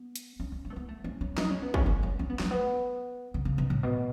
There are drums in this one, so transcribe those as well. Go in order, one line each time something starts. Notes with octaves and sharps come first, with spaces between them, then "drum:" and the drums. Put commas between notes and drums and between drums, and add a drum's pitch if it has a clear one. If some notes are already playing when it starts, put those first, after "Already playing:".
Already playing: B3
drum: hi-hat
C#4
C#4
C#4
A3
B3
A3
C#4
C#4
D#4, drum: snare
C#4
B3
C#4, drum: kick
C#4
C#4
C#4
B3
A3, drum: snare
B3
C#3
C#3
B2
A2
B2